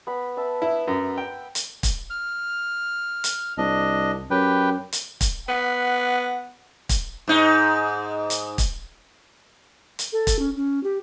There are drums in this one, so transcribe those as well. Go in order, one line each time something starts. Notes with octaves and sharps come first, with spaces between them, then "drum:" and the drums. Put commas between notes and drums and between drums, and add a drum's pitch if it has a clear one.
B3 B5
B4 E5 A5
E4
F#2
G5
drum: hi-hat
drum: kick, hi-hat
F6
drum: hi-hat
C2 D4 D#5
F#2 G4 B4 G5
drum: hi-hat
drum: kick, hi-hat
B3 F#5
drum: kick, hi-hat
G#2 D#4
drum: hi-hat
drum: kick, hi-hat
drum: hi-hat
A4
drum: kick, hi-hat
C#4
C#4
G4